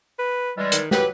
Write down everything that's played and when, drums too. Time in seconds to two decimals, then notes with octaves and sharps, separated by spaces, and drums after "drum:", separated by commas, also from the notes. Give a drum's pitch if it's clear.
0.19 B4
0.57 E3 G3 G#3
0.72 D#3, drum: hi-hat
0.91 F#3 G4 B4, drum: snare